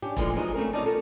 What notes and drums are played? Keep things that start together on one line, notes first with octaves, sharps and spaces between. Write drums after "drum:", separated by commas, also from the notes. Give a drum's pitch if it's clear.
C#4 D4 G4
A#2 D3 E3 F3 G#3 A3, drum: kick E1, hi-hat
B2 F3 F#3 G#3 D#4 F#4
A3 C4 C#4 A#4
B2 F#3 C#4 D#4 D5 A5
F4 A4 A#4